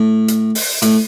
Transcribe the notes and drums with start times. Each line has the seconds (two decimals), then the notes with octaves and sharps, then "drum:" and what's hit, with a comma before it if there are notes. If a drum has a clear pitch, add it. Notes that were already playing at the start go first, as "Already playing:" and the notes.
Already playing: A2
0.28 drum: hi-hat
0.55 drum: open hi-hat
0.82 A2, drum: hi-hat